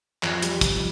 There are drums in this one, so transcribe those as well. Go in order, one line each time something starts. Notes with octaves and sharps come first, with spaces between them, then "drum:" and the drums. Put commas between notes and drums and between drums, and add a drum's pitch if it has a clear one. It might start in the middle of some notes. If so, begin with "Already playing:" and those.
F2, drum: clap
G3, drum: hi-hat
F2, drum: kick, hi-hat